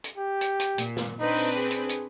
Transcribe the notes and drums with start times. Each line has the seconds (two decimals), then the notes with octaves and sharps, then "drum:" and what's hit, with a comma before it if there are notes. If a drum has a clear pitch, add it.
0.04 drum: hi-hat
0.18 G4
0.41 drum: hi-hat
0.60 drum: hi-hat
0.78 A#2, drum: hi-hat
0.97 drum: snare
1.20 C4 D4 D#4 B4
1.34 drum: open hi-hat
1.55 G#4
1.71 drum: hi-hat
1.89 drum: hi-hat